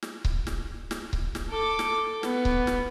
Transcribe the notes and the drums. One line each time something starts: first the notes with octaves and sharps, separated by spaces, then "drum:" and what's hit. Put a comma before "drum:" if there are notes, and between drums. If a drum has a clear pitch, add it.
drum: snare
drum: kick C#1
drum: snare
drum: snare
drum: kick C#1
drum: snare
A4 D6
drum: snare
B3, drum: snare
drum: kick C#1
drum: snare